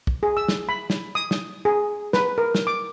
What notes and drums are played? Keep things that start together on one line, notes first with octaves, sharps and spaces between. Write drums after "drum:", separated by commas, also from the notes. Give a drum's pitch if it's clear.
drum: kick
G#4
E6
drum: snare
B5
drum: snare
D#6
drum: snare
G#4
B4, drum: snare
A#4
drum: snare
D6